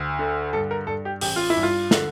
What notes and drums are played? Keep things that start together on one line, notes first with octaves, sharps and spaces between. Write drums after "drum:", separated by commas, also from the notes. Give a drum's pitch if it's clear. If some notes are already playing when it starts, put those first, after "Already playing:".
Already playing: D2
D3
G2 A4
A#4
G2 A4
G4
A1 G4, drum: open hi-hat
F4
E4
G2
F4
D3, drum: snare